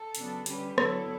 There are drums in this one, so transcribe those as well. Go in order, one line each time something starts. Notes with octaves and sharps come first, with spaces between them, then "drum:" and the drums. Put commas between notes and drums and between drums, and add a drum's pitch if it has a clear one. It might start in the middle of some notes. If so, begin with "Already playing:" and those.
Already playing: A4
C#3 F#3 B3 D4, drum: hi-hat
D3 G3 C#4 G4 B4, drum: hi-hat
D3 F#3 B3 E4 A4 C#5, drum: rim click